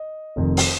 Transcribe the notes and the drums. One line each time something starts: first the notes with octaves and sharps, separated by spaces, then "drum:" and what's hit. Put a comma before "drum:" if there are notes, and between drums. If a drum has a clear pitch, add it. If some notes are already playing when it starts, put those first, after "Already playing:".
Already playing: D#5
F1 F2 D#3
drum: open hi-hat